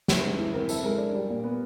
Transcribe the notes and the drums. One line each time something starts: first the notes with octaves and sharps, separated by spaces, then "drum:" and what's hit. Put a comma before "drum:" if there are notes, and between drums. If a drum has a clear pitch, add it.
E4 B4, drum: snare
G#3
E3
C4 A#4
E4 A4, drum: tambourine
G#3 A#4
D4
G3
A#2
B3